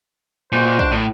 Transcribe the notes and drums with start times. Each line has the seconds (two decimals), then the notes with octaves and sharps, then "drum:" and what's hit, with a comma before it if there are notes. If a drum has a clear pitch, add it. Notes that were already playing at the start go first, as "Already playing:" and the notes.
0.52 C#2 A#2 F#4 C5
0.79 D4, drum: kick
0.92 A2